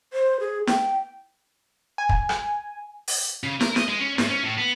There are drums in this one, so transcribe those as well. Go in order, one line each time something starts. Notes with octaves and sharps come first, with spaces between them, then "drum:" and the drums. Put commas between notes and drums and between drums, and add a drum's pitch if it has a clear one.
C5
G#4
G5, drum: snare
G#5
drum: kick
drum: rim click
drum: open hi-hat
C#3
A#4, drum: snare
D#5, drum: snare
G#3
C#4
G#2, drum: snare
C#4
A2
B3